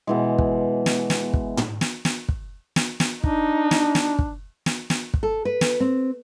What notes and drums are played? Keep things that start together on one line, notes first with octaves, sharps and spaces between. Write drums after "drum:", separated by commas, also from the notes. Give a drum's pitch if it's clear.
B2 E3 G#3
drum: kick
drum: snare
drum: snare
drum: kick
drum: tom
drum: snare
drum: snare
drum: kick
drum: snare
drum: snare
D4 D#4, drum: kick
drum: snare
drum: snare
drum: kick
drum: snare
drum: snare
drum: kick
A4
B4
drum: snare
C4